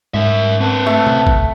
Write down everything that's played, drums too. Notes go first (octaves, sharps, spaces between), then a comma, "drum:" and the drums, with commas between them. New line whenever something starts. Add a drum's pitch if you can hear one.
G#2 A#4 E5
C4 B4 A5
A3
drum: tom
drum: kick A1